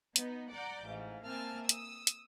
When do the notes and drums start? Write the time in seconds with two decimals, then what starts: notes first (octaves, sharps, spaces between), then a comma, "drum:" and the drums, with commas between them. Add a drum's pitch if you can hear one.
0.16 B3 D#4, drum: hi-hat
0.51 D5 F#5 A#5 D6 G6
0.86 A1 G#2 F5
1.26 A#3 C4 E5 G#5 A5 F6
1.69 D#6 E6, drum: hi-hat
2.07 drum: hi-hat